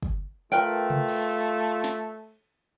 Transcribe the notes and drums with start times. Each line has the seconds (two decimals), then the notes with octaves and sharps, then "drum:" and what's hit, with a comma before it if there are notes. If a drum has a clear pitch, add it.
0.03 drum: kick
0.52 A3 F4 A#4 B4 G5
0.90 drum: tom C3
1.09 drum: cymbal
1.84 drum: snare